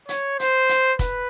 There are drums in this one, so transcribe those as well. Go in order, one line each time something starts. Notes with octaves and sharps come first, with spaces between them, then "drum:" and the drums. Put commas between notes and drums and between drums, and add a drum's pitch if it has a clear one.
C#5, drum: hi-hat
C5, drum: hi-hat
drum: hi-hat
B4, drum: kick, hi-hat